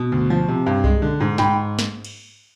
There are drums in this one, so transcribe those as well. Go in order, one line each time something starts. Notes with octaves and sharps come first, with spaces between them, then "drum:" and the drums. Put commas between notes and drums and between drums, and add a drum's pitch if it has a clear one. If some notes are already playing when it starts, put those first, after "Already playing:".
Already playing: B2
D2
F3
C3
G2
G#3, drum: kick C2
D3
G#2
G#2 G5 B5, drum: snare
drum: snare
drum: cymbal